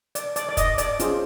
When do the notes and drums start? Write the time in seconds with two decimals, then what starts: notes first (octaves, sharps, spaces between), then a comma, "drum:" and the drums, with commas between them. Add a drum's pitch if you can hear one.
0.15 D5, drum: hi-hat
0.36 D5, drum: hi-hat
0.49 D5
0.57 D#5, drum: kick, hi-hat
0.78 D5, drum: hi-hat
1.00 C#4 F4 G#4 C5, drum: hi-hat